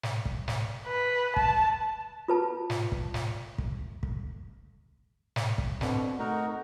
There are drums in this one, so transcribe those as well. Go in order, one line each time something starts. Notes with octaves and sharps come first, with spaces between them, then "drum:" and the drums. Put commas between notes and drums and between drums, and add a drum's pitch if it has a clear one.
drum: snare
drum: kick
drum: snare
B4
A5, drum: kick
F4 B4 A5
drum: snare
drum: kick
drum: snare
drum: kick
drum: kick
drum: snare
drum: kick
B2 D3 C4, drum: snare
A3 D#4 F#4 A#4